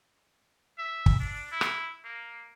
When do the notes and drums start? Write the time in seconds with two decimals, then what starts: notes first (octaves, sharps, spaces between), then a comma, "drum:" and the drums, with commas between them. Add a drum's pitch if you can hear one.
0.79 E5
1.06 drum: kick
1.20 D4
1.52 E4
1.61 drum: rim click
2.05 A#3